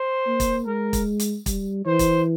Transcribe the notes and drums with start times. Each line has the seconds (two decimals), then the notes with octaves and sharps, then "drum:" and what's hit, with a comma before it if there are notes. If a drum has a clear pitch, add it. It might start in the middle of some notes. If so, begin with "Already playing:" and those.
Already playing: C5
0.27 A#3
0.40 drum: kick, hi-hat
0.66 G#3 A#4
0.93 drum: kick, hi-hat
1.20 drum: hi-hat
1.46 G3, drum: kick, hi-hat
1.86 E3 C5
1.99 drum: kick, hi-hat